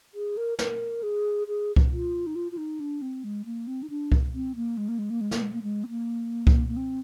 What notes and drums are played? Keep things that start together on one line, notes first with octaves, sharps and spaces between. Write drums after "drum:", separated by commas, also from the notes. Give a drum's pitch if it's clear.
G#4
A#4
A#4, drum: snare
G#4
G#4
drum: kick C2
F4
D#4
F4
F4
D#4
D4
C4
G#3
A#3
C4
D#4
D4
drum: kick C2
C4
A#3
G#3
A#3
G#3
A#3
G#3
A#3, drum: snare
G#3
A#3
G#3
C4
A#3
drum: kick C2
A#3
C4